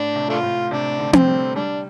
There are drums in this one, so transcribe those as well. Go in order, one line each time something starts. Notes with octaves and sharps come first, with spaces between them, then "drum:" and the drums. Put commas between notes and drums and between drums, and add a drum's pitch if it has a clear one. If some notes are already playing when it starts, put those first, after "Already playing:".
Already playing: A2 D4
C3
A3 D4 F4
A2
C3 D4
D3
C4, drum: tom C4
G3
G3 D4